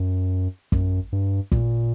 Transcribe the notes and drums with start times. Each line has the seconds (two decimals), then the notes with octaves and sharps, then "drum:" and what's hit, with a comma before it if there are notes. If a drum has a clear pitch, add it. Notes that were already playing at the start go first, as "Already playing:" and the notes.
Already playing: F#2
0.72 F#2, drum: kick
1.12 G2
1.52 A#2, drum: kick